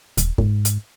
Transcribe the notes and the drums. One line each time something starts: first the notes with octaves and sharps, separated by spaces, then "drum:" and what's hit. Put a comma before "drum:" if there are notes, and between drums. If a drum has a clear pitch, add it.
D#1, drum: hi-hat
G#2, drum: kick
drum: hi-hat